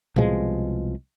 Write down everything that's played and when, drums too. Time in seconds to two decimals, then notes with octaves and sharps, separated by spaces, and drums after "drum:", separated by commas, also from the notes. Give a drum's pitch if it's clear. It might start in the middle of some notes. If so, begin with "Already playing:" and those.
0.16 C2 B2 F3 G#3, drum: tom A2